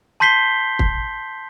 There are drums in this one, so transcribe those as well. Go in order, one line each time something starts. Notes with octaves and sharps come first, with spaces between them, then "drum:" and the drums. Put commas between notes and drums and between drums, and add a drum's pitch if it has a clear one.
A5 C6 G6 B6 C7 G7
drum: kick